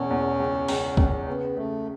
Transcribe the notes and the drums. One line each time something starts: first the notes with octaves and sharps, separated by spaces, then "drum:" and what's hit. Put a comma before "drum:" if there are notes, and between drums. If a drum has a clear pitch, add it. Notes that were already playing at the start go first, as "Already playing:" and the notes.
Already playing: E1 E2 C#4
E2
C#2
C#2, drum: open hi-hat
C#2, drum: kick
C#3 B3
C#3 A3